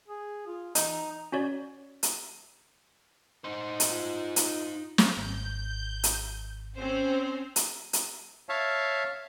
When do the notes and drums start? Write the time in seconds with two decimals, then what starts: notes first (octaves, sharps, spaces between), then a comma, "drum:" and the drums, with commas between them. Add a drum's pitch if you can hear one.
0.08 G#4
0.47 F4
0.75 E3 D#4, drum: hi-hat
1.32 C#4 F#4 C#5 D5
2.03 drum: hi-hat
3.44 D#4 C5
3.80 drum: hi-hat
3.91 F4
4.36 drum: hi-hat
4.98 drum: snare
5.17 G#1 G6
6.03 drum: hi-hat
6.75 C4 C#4 C5
7.56 drum: hi-hat
7.93 drum: hi-hat
8.49 C#5 E5 F5 A5